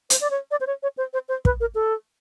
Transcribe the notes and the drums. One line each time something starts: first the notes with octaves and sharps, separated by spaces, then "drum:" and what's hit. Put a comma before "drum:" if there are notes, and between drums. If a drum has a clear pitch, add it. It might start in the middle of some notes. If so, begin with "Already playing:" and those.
C5, drum: hi-hat
D5
C#5
D5
C5
C#5
C#5
C5
C5
C5
B4, drum: kick
A#4
A4